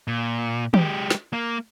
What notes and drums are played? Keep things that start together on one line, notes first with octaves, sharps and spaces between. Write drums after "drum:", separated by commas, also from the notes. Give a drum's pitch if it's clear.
A#2
G#3 G4, drum: tom
drum: snare
A#3